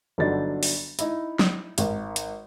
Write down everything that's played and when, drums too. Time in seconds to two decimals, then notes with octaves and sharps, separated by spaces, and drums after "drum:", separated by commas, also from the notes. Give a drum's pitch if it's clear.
0.18 G1 D3 F#3 D4 D#4 A6
0.63 drum: open hi-hat
0.99 D#4 E4, drum: hi-hat
1.39 drum: snare F#3
1.78 G#1, drum: hi-hat
2.16 drum: hi-hat